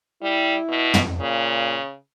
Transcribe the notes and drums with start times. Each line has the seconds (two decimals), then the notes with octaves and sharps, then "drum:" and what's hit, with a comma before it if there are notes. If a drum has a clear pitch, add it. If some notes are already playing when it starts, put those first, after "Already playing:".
0.22 G3 E4
0.68 B2
0.94 drum: tom
1.20 A#2 C#3